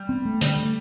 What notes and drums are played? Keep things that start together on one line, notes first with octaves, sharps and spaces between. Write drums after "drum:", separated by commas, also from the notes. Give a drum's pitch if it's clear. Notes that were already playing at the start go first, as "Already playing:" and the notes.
Already playing: G3
C4
A3
D3 G3, drum: hi-hat
A3